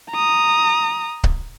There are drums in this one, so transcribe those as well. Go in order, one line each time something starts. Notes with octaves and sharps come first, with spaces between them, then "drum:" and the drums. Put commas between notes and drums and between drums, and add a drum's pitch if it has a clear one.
A#5 D#6
drum: kick C#1